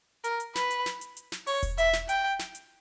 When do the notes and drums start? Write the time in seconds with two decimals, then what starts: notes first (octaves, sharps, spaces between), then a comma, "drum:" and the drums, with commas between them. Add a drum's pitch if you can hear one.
0.24 A#4, drum: hi-hat
0.40 drum: hi-hat
0.55 B4, drum: snare
0.71 drum: hi-hat
0.86 drum: snare
1.01 drum: hi-hat
1.17 drum: hi-hat
1.32 drum: snare
1.47 C#5, drum: open hi-hat
1.63 drum: kick E1, hi-hat
1.78 E5, drum: hi-hat
1.93 drum: snare
2.09 G5, drum: hi-hat
2.39 drum: snare
2.55 drum: hi-hat